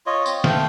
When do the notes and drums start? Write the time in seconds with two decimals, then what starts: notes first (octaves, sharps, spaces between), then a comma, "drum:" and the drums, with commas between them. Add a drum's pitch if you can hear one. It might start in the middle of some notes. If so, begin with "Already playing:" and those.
0.06 F4 C#5 D#5
0.26 C4, drum: tambourine
0.44 A3 F5 G5, drum: snare